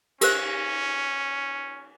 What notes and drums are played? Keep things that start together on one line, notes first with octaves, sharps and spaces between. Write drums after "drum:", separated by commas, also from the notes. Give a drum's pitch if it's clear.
C#4 G4 A#4 C5, drum: cymbal